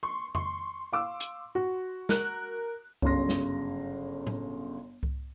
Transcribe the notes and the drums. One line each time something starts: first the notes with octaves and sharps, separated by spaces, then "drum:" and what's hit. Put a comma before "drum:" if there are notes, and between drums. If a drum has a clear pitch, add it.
C6 C#6
C6 C#6, drum: tom F2
F5 D6 E6
drum: hi-hat
F#4
A#4 F#6, drum: snare
G1 F#2 C#3 C6 A#6, drum: kick C2
drum: snare
drum: tom A2
drum: kick C2